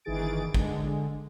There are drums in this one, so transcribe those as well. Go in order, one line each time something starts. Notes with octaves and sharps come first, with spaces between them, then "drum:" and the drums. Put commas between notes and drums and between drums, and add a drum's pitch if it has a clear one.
G1 D#3 E3 G#4 A6 D7
D3 G#3, drum: kick